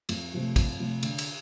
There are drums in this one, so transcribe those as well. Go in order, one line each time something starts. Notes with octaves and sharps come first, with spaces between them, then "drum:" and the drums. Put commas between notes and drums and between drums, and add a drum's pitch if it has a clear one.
F2, drum: cymbal
C3 F3 A3
F2, drum: kick, cymbal
C3 F3 A3
D3, drum: cymbal
drum: cymbal